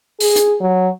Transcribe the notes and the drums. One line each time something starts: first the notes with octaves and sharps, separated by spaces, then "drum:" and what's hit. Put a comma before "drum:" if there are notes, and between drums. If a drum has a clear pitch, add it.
G#4, drum: open hi-hat
drum: hi-hat
F#3